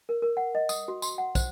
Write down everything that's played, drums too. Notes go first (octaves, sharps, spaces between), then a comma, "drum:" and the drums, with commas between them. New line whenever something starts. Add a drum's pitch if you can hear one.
A#4
A#4
F#5
D#5
D#6, drum: tambourine
F#4
C6, drum: tambourine
F#5
C5, drum: kick, tambourine